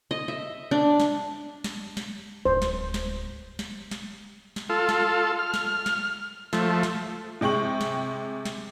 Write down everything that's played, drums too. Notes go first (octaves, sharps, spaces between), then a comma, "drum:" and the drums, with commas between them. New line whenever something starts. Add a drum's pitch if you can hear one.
D#5
E5
D4
drum: snare
drum: snare
drum: snare
D1 A2 C5
drum: snare
drum: snare
drum: snare
drum: snare
drum: snare
F4 A4
drum: snare
F6
drum: snare
drum: snare
F3 A3, drum: snare
drum: snare
C3 G#3 G5 C#6 F#7
drum: snare
drum: snare